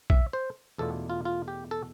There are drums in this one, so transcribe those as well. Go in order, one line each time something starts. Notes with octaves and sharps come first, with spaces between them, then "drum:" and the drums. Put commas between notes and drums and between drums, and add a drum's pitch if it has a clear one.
E5, drum: kick
C5
E2 B2 A3 D4 F4 A4
F4
F4
G4
A4